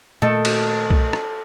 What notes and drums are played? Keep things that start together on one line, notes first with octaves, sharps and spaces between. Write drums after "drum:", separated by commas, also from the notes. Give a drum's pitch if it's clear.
A#2 D#3 A3 A4
drum: cymbal
drum: kick B1
drum: rim click